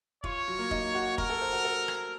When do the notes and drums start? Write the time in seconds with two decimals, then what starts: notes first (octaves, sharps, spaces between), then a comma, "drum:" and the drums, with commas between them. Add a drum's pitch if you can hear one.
0.24 F4 C#5, drum: kick
0.48 F#3
0.59 A#3
0.71 D#4, drum: kick
0.95 F#4
1.18 F#4 A#4, drum: kick
1.30 A4
1.42 C5
1.53 F#4
1.65 A4
1.88 drum: rim click